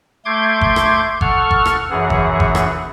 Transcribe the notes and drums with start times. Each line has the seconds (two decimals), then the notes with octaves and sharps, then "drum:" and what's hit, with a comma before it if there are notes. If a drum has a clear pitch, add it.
0.25 A3 C6 D6 G6 G#6
0.61 drum: kick G1
0.76 drum: rim click
1.21 A4 F#5 C#6 F6, drum: kick G1
1.51 drum: kick G1
1.65 drum: rim click
1.90 F#2 E3 G#4 F#5
2.10 drum: kick G1
2.40 drum: kick G1
2.55 drum: rim click